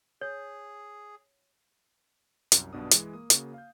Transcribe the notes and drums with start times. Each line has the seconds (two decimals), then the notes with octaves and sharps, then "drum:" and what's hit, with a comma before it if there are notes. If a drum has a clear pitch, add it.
0.21 G#4 C#5
2.52 C2 F#2, drum: hi-hat
2.73 B1 G2 B2 D4 D#6
2.91 E3 G#3, drum: hi-hat
3.13 A#3 D#6
3.30 C#3 A#3 F#4, drum: hi-hat
3.54 F5 G6